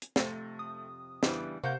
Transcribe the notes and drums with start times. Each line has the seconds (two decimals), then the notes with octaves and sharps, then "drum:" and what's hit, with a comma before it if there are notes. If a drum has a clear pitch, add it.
0.02 drum: hi-hat
0.16 F2 C3 A3 A6 A#6, drum: snare
0.59 D#6
1.23 C#3 E3 G3 B3 D4, drum: snare
1.64 C3 A#3 C5 F#5 C#6 G6